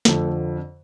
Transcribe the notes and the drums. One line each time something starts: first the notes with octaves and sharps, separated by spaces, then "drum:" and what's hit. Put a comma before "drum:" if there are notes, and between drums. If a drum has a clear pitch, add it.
F2 D3 F3 A3, drum: snare